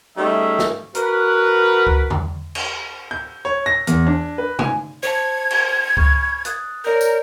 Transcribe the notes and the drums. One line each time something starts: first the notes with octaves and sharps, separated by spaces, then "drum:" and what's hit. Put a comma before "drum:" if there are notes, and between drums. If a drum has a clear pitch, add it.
G3 A3 C#4 D#4 G#4 E5
drum: snare
F#4 A#4 B4, drum: hi-hat
drum: kick C#2
drum: tom E2
drum: cymbal
G6
C#5
A#6
E2, drum: hi-hat
D4
B4
G#5, drum: tom C3
C5 A5 G#6
drum: cymbal
B5 C#6 F6, drum: kick C#2
D#6 F#6 A6, drum: hi-hat
A#4 C#5 D5 G6
drum: tambourine